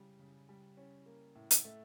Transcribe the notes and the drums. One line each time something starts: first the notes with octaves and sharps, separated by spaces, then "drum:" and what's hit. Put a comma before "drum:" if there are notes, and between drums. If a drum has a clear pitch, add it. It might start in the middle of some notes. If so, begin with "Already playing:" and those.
Already playing: C#3 G3
C#3
G3
C#4
A#3
A2
drum: hi-hat
A3